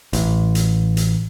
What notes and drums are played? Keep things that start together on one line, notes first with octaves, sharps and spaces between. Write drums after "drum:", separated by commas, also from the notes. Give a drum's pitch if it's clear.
A1, drum: hi-hat
drum: hi-hat
drum: hi-hat